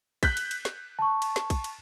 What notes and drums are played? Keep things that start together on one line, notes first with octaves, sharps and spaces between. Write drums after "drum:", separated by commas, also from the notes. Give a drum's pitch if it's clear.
F#6 G6 B6, drum: kick, cymbal
drum: cymbal
drum: cymbal
drum: snare
A5 C#6
drum: cymbal
drum: snare
drum: kick, cymbal
drum: cymbal